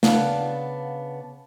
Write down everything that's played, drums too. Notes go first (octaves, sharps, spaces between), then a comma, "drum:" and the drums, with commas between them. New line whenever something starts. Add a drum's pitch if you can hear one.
C#3 B3 D4 F#5 A5, drum: snare